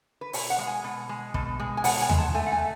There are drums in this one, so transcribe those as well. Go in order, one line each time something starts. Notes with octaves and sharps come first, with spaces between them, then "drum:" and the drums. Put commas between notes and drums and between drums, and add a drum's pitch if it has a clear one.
B4
B2 C#5, drum: open hi-hat
F#5
G#3
G#5
B2
G#3
B2, drum: kick
G#3
G#5
B2 F#5, drum: open hi-hat
G#5
G#3, drum: tom D#2
A5
A3 G#5
F#5
G#5